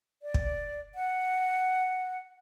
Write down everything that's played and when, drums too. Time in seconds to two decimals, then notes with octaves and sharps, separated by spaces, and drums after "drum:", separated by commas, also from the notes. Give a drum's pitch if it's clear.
0.22 D5
0.34 drum: kick
0.95 F#5